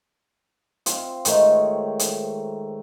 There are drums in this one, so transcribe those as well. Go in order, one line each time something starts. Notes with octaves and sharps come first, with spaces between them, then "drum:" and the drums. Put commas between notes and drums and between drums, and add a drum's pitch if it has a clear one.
C4 F4, drum: hi-hat
G#2 D#3 A3 C#5, drum: hi-hat
drum: hi-hat